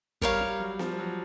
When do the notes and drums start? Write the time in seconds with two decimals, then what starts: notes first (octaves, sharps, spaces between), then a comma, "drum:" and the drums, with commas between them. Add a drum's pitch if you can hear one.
0.21 G3 A#4 C#5 F5, drum: kick
0.41 G3
0.60 F#3
0.79 F3, drum: snare B3
0.99 F#3